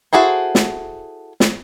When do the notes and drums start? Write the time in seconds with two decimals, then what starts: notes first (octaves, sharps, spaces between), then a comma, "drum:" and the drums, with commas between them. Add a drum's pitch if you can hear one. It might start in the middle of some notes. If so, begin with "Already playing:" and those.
0.13 E4 F#4 G#4 A4 C5
0.55 drum: snare
1.40 drum: snare